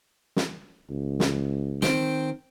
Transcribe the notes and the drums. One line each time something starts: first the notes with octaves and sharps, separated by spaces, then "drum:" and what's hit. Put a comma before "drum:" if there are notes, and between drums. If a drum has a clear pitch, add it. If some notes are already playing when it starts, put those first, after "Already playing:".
drum: snare
C#2
drum: snare
D#3 C4 G5, drum: snare